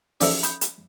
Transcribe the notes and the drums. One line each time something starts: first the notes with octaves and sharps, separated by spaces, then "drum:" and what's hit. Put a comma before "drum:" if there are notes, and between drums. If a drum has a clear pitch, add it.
E3 F3 C#4 D#4 A4 D5, drum: open hi-hat
B5 D#6 G6, drum: hi-hat
drum: hi-hat